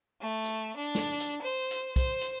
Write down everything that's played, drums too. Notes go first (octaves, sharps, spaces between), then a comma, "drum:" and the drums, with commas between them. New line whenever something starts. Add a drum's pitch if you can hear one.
A3
drum: hi-hat
D4
drum: snare
drum: hi-hat
C5
drum: hi-hat
C5, drum: kick B1, hi-hat
drum: hi-hat